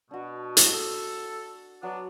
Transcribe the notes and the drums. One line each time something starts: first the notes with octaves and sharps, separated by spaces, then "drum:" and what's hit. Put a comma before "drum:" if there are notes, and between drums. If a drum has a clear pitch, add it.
B2 D4 F#4
drum: hi-hat
A4
F#3 B3 D4